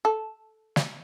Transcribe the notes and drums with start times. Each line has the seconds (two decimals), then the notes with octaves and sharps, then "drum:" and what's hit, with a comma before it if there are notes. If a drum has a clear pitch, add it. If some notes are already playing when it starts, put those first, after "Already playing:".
0.05 A4
0.76 drum: snare